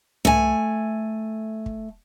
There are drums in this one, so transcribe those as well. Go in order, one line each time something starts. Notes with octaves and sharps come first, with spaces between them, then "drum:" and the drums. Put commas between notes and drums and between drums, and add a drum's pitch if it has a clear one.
A3 G#5, drum: tom C2
drum: kick